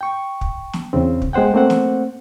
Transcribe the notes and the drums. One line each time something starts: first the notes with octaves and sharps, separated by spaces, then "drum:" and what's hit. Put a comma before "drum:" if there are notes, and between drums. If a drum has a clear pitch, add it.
G5 C#6
drum: kick
drum: snare
E2 C#3 C4
drum: kick
G#3 B3 C5 F#5 G5
A3 A#3 C4 C5 F#5
drum: snare